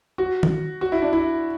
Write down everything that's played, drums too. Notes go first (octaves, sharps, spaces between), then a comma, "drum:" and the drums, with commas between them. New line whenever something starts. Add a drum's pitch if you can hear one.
F#4
drum: tom D#3
F#4
E4
D4
E4